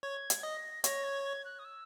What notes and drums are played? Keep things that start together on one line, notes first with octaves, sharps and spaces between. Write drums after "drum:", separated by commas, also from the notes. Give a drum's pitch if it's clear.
C#5 G#6
drum: hi-hat
D#5 A#6
C#5 A#6, drum: hi-hat
G#6
G#6
F#6
D#6
E6